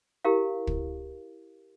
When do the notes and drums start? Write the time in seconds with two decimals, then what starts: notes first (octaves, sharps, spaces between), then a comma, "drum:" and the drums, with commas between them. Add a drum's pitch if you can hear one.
0.25 E4 G4 A#4 F5
0.67 drum: kick